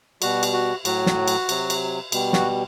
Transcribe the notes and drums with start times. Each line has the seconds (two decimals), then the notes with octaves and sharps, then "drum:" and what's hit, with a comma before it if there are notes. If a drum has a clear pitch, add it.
0.22 B2 G3 F#4, drum: cymbal
0.43 drum: cymbal
0.53 F#4
0.85 A2 F#3 F#4, drum: cymbal
1.06 drum: snare
1.28 drum: cymbal
1.49 C3 F#3, drum: cymbal
1.70 drum: cymbal
2.12 B2 G3, drum: cymbal
2.33 F#4, drum: snare